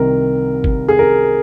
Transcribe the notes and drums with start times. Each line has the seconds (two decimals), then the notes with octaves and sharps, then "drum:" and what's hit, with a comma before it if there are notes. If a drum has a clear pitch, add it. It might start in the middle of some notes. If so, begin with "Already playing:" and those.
Already playing: C2 C3 D#3 A#4
0.64 drum: kick G1
0.89 G#4
0.99 A#4